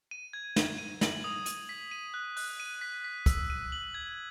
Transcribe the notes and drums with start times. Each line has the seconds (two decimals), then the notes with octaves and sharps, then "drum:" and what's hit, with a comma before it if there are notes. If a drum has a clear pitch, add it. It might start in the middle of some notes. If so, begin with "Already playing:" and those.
0.11 D#7
0.33 G#6
0.56 D#7, drum: snare
0.78 D#7
1.01 F#7, drum: snare
1.24 D#6
1.46 D#7, drum: hi-hat
1.69 B6
1.91 D#7
2.14 F#6
2.37 F#6, drum: open hi-hat
2.60 D#7
2.81 B6
3.04 B6
3.26 E6, drum: kick, hi-hat
3.50 D#7
3.72 F#7
3.94 G#6